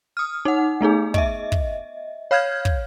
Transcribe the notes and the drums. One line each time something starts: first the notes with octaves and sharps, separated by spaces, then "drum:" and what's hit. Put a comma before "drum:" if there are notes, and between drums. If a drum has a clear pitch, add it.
D#6 F6
D#4 F#5
A3 B3 D#4 G#4
D#5 E5, drum: kick
drum: kick
C#5 F5 F6 G6 G#6
drum: kick